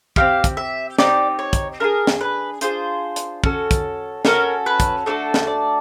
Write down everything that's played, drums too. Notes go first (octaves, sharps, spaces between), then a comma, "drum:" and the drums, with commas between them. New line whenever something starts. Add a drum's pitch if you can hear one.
C4 D#4 G4 F5, drum: kick
drum: kick, hi-hat
E5
C4 D#4 G4 D5, drum: snare
C#5
drum: kick, hi-hat
D4 F4 G#4 A#4
drum: snare
B4
D4 F4 G#4 C5, drum: hi-hat
drum: hi-hat
C#4 F#4 A4, drum: kick
drum: kick, hi-hat
C#4 F#4 A4 A#4, drum: snare
B4
drum: kick, hi-hat
A3 D4 F#4 A4 C#5
drum: snare
D5